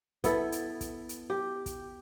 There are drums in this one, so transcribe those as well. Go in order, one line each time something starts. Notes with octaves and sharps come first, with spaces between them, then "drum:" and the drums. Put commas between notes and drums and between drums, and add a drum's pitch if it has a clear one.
B3 E4 A4, drum: kick, hi-hat
drum: hi-hat
drum: kick, hi-hat
drum: hi-hat
G4
drum: kick, hi-hat